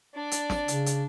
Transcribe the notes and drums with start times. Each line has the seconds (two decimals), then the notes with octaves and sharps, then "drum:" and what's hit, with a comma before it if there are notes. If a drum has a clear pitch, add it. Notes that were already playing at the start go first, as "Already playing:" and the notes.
0.14 D4 D5
0.31 drum: hi-hat
0.50 drum: snare
0.68 C#3, drum: hi-hat
0.86 drum: hi-hat